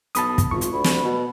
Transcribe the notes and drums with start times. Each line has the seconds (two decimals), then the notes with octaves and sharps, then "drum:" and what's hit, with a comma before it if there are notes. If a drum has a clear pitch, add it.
0.15 B1 A5 B5 D#6, drum: hi-hat
0.38 drum: kick, hi-hat
0.51 G#1 F4 C#6
0.61 drum: hi-hat
0.72 D2 B5
0.84 drum: snare
1.04 B2